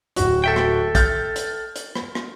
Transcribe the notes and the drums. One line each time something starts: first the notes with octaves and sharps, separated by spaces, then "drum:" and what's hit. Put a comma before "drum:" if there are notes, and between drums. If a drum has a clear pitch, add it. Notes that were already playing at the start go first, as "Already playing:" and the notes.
D1 F#4, drum: hi-hat
A4 E5 G5
drum: rim click
F6 G6 A6, drum: kick, hi-hat
drum: hi-hat
drum: hi-hat
drum: rim click
drum: rim click